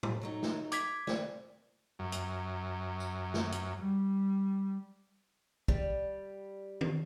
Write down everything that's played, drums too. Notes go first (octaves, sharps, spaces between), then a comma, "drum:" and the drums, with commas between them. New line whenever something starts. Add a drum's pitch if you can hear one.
drum: tom A2
F#3 A3 D#4
drum: snare
D6 G#6 B6, drum: hi-hat
C4 D5, drum: snare
F#2
drum: hi-hat
drum: tambourine
drum: snare
drum: hi-hat
G3
G3, drum: kick
drum: tom